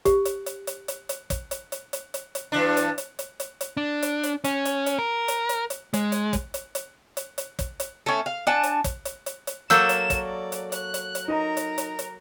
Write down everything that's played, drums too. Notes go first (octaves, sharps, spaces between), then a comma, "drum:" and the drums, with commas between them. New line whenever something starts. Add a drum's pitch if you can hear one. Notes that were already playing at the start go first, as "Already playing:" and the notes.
G4, drum: kick, hi-hat
drum: hi-hat
drum: hi-hat
drum: hi-hat
drum: hi-hat
drum: hi-hat
drum: kick, hi-hat
drum: hi-hat
drum: hi-hat
drum: hi-hat
drum: hi-hat
drum: hi-hat
G2 E3 D4
drum: hi-hat
drum: hi-hat
drum: hi-hat
drum: hi-hat
drum: hi-hat
D4
drum: hi-hat
drum: hi-hat
C#4, drum: hi-hat
drum: hi-hat
drum: hi-hat
A#4
drum: hi-hat
drum: hi-hat
drum: hi-hat
G#3, drum: hi-hat
drum: hi-hat
drum: kick, hi-hat
drum: hi-hat
drum: hi-hat
drum: hi-hat
drum: hi-hat
drum: kick, hi-hat
drum: hi-hat
A3 C#4
F5
D4 F#5 G#5 A5
drum: hi-hat
drum: kick, hi-hat
drum: hi-hat
drum: hi-hat
drum: hi-hat
F#3 A#3 A4 E6 G6 E7, drum: hi-hat
drum: hi-hat
drum: kick, hi-hat
D5
drum: hi-hat
F#6, drum: hi-hat
drum: hi-hat
drum: hi-hat
D#4 A#4 D#5 A#5
drum: hi-hat
drum: hi-hat
drum: hi-hat